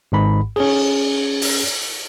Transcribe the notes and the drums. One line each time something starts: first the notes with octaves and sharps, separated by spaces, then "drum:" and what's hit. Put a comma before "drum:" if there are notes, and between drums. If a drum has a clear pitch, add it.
G#1 G#2 B5
C#4 G#4, drum: cymbal
drum: open hi-hat